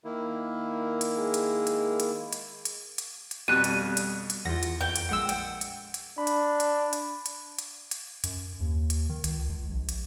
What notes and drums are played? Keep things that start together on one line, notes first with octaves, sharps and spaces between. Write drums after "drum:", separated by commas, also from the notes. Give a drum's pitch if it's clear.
D#3 A#3 E4
drum: hi-hat
G#3
drum: hi-hat
drum: hi-hat
drum: hi-hat
drum: hi-hat
drum: hi-hat
drum: hi-hat
drum: hi-hat
F2 B2 G3 F#6 D#7
drum: hi-hat
drum: hi-hat
drum: hi-hat
E2 F4 F#5 A#6
drum: hi-hat
F2 G5
drum: hi-hat
A#1 G#3 F#5 E6
G5, drum: hi-hat
drum: hi-hat
drum: hi-hat
D4 B5
drum: hi-hat
drum: hi-hat
drum: hi-hat
drum: hi-hat
drum: hi-hat
drum: hi-hat
F#2, drum: hi-hat
D#2
drum: hi-hat
D#3
C#2, drum: hi-hat
C#2
A#1
drum: hi-hat